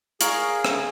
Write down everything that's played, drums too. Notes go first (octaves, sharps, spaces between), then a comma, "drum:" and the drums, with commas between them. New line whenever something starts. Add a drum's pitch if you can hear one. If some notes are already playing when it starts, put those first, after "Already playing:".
G#4 A#4 C#5 F5 A#5, drum: hi-hat
drum: rim click